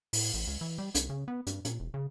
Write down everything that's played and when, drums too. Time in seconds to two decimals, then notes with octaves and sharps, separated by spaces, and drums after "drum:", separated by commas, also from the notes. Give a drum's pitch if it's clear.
0.13 A2, drum: open hi-hat
0.34 A1
0.47 C#2
0.61 E3
0.78 G3
0.95 C2, drum: hi-hat
1.10 C#3
1.28 B3
1.47 G2, drum: hi-hat
1.65 A#2, drum: hi-hat
1.80 E1
1.94 C#3